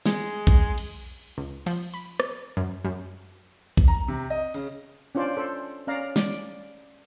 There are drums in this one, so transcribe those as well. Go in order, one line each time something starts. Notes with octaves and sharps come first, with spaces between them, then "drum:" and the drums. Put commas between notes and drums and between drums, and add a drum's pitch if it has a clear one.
G#3, drum: snare
drum: kick A#1
drum: cymbal
C#2
F3, drum: cymbal
B5, drum: hi-hat
drum: rim click
F#2
F#2
drum: kick A#1
A#5
C3
D#5
C#3, drum: open hi-hat
C#4 D4 F4 C5 D5
A4 C5
C#4 D5 F5 A#5
D5, drum: snare
drum: hi-hat